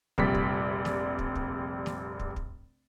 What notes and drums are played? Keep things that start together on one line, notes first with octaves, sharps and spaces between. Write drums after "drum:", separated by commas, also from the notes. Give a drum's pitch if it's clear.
F1 A#1 C3 G3 D5 B6, drum: kick
drum: kick
drum: snare
drum: kick
drum: kick
drum: snare
drum: kick
drum: kick